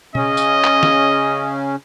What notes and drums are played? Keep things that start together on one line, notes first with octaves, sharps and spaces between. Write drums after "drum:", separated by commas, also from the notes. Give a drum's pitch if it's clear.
C#3 C#4 D#5, drum: tom B2
drum: tambourine
drum: clap
drum: snare